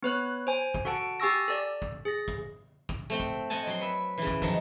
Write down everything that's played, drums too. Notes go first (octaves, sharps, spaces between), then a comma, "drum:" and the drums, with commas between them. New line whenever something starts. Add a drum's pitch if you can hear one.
B3 B4 C#5 F#6
C5 G#5
drum: kick
F#4 A4 F#5 A5 D7
G4 G#5 C#6 E6 A#6
A4 D5
drum: kick
G#4 A#6
drum: kick
drum: kick
A3 C4 G5
drum: kick
C4 D#5 F#5 G#5 A5
F#3 C6
B4 E5
C#3 E3
drum: kick
D#3 F3 F#3 D#4, drum: kick